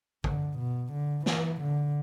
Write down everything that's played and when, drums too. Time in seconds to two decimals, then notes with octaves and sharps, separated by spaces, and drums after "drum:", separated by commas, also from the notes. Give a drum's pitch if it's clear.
0.24 D3, drum: kick
0.58 B2
0.92 D3
1.26 E3, drum: snare
1.61 D3